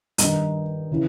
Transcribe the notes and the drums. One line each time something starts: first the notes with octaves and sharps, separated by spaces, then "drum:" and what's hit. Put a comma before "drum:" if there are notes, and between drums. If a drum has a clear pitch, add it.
G2 D#3 D#4, drum: hi-hat
C#3 E3